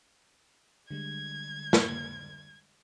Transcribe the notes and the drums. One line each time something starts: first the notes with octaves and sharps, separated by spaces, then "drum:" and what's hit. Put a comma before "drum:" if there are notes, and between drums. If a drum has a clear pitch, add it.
D3 G3 G#3 G#6
drum: snare